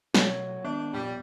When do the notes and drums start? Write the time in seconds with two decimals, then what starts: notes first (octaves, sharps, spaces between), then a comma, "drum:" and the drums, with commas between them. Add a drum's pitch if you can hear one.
0.14 B2 F#3 A3 A#3, drum: snare
0.64 D#3 G#3 A#3 B3 D4
0.93 F2 A#2 G3